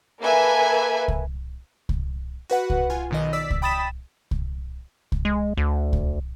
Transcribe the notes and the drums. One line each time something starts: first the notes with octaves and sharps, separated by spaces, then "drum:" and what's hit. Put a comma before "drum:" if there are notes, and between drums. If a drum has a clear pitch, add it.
A#3 A4 B4 E5 G#5
drum: kick C2
drum: kick C2
F#4 B4 F#5
drum: kick C2
F4 G#5
B1 D#3 D#5
D5 E6 B6
drum: kick C2
G5 B5 D#6 A6 B6 E7
drum: kick C2
drum: kick C2
G#3
D2
drum: kick C2